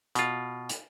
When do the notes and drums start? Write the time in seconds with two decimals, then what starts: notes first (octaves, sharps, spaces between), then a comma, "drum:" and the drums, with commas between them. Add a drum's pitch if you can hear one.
0.15 B2 F4, drum: hi-hat
0.69 drum: hi-hat